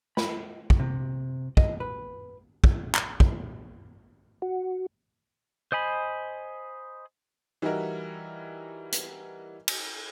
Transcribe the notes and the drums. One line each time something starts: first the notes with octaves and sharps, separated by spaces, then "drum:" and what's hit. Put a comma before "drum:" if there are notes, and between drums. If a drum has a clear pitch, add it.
B5, drum: snare
drum: kick
C3
D#5, drum: kick
B4
drum: kick
drum: clap
drum: kick
F#4
C5 D#5 G#5 B5
E3 G3 D#4 E4 F#4 A#4
drum: hi-hat
drum: cymbal